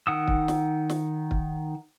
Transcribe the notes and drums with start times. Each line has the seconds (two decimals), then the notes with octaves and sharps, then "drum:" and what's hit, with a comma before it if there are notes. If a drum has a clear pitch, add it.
0.07 D#3 F#5 D#6 E6
0.28 drum: kick
0.48 drum: snare
0.90 drum: snare
1.31 drum: kick